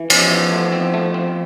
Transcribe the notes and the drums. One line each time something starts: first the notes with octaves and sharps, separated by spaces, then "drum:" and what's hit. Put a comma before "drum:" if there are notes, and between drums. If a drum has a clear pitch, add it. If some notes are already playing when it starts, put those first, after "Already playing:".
Already playing: E3
F3 C#4, drum: cymbal
E3
A3
C4
A3
C4